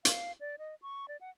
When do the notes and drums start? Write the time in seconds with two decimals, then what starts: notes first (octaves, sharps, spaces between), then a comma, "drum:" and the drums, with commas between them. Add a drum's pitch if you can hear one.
0.05 F5, drum: hi-hat
0.41 D5
0.59 D#5
0.82 C#6
1.08 D5
1.21 F#5